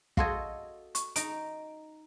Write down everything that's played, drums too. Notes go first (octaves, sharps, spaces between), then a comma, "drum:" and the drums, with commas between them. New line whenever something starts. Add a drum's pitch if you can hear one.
F#4 A4 D#5 F5 C6 G#6, drum: kick
C#6, drum: hi-hat
D#4 A#5 D7, drum: hi-hat